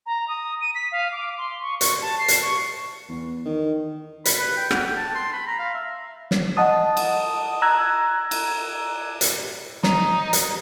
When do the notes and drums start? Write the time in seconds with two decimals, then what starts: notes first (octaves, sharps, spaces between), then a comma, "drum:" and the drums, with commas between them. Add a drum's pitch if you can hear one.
0.06 A#5
0.28 D#6
0.61 D#7
0.75 B6
0.92 F5
1.12 D6
1.38 C6
1.62 C#6
1.81 C#6, drum: hi-hat
2.02 A5
2.19 C7
2.28 drum: hi-hat
2.42 C#6
3.09 E2
3.45 D#3
4.25 B5, drum: hi-hat
4.39 B4
4.57 G5
4.71 F#5, drum: rim click
4.85 G5
4.96 A5
5.15 C6
5.33 B5
5.47 A#5
5.59 F5
5.74 E5
6.31 drum: snare
6.57 D#5 F#5 A5 D#6
6.97 drum: cymbal
7.62 A#5 E6 F#6 G#6
8.31 drum: cymbal
9.21 drum: hi-hat
9.83 D#4, drum: snare
10.33 drum: hi-hat